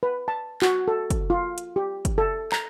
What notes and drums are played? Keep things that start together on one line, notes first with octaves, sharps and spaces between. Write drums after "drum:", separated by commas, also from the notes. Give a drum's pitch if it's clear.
B4
A5
F#4, drum: clap
A4
drum: kick, hi-hat
F4
drum: hi-hat
G4
drum: kick, hi-hat
A4
A#5, drum: clap